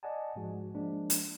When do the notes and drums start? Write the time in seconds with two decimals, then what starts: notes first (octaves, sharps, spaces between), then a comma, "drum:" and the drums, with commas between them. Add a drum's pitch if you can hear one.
0.03 D5 D#5 F#5 G#5 A5
0.36 G#2 F3 G#3 F#4
0.74 F3 G#3 A#3 D4
1.10 drum: hi-hat